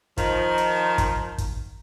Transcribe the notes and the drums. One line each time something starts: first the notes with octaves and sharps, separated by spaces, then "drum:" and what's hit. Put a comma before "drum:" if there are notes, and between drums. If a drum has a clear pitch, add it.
D#3 F3, drum: kick, hi-hat
drum: hi-hat
drum: kick, hi-hat
drum: kick, hi-hat